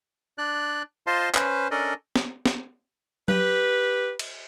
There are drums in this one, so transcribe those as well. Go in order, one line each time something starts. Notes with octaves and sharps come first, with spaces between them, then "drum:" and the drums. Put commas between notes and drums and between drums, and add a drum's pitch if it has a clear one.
D4 D5 F#6
F4 C5 D#5 F5 A5 C6
C#4 B4 C5, drum: clap
C#4 D4 A4 A#4 D5 D#5
drum: snare
drum: snare
G4 B4, drum: tom F#3
drum: cymbal